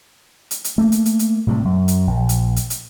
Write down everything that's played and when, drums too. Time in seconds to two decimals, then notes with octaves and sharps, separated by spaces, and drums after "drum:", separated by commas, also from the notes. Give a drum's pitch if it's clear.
0.51 drum: hi-hat
0.64 drum: hi-hat
0.78 A3 A#3
0.92 drum: hi-hat
1.06 drum: hi-hat
1.19 drum: hi-hat
1.47 A2 C3 G3
1.65 F#2
1.88 drum: hi-hat
2.07 A#1
2.29 drum: hi-hat
2.56 drum: hi-hat
2.70 drum: hi-hat